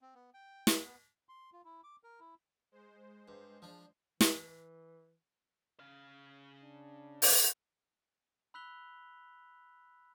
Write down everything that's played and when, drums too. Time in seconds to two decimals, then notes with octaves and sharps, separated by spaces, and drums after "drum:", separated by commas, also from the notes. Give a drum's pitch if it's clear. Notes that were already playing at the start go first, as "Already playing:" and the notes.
0.01 C4
0.14 B3
0.34 G5
0.67 F4, drum: snare
0.85 B3
1.29 C6
1.53 F4
1.65 E4
1.84 D6
2.04 A#4
2.20 E4
2.71 G#3 C5
3.28 G2
3.62 F3 D4
4.21 E3, drum: snare
5.80 C#3 F5
6.64 D4
7.22 drum: open hi-hat
8.54 B5 E6 F#6 B6 F7 G7